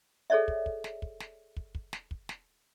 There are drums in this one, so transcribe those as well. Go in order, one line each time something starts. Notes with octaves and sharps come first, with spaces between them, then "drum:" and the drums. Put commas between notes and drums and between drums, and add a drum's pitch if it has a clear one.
G#4 A4 C#5 D5 E5
drum: kick
drum: kick
drum: snare
drum: kick
drum: snare
drum: kick
drum: kick
drum: snare
drum: kick
drum: snare